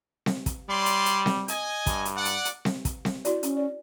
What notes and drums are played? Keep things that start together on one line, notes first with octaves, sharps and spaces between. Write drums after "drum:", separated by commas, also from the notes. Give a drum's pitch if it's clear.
drum: snare C4
drum: kick, hi-hat
G3 C#5 D5 C6
drum: hi-hat
drum: hi-hat
drum: snare C4
D#5 G#5, drum: hi-hat
G2, drum: kick, hi-hat
drum: hi-hat
D5 F#5
drum: hi-hat
drum: hi-hat
drum: snare C4
drum: kick, hi-hat
drum: snare C4
E4 F#4 D5, drum: hi-hat
C#4, drum: hi-hat
D5